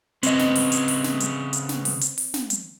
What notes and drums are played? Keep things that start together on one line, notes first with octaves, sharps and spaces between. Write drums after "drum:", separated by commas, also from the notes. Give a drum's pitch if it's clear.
C#3 B3 C4 D#5, drum: hi-hat
drum: snare
drum: open hi-hat
drum: hi-hat
drum: open hi-hat
drum: snare
drum: hi-hat
drum: hi-hat
drum: snare
drum: open hi-hat
drum: hi-hat
drum: open hi-hat
drum: snare
drum: hi-hat